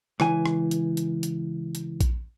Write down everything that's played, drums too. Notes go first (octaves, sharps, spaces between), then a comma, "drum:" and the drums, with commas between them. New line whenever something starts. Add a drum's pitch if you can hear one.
C#2 E3 G#5, drum: rim click
drum: rim click
drum: hi-hat
drum: hi-hat
drum: hi-hat
drum: hi-hat
drum: kick A#1, hi-hat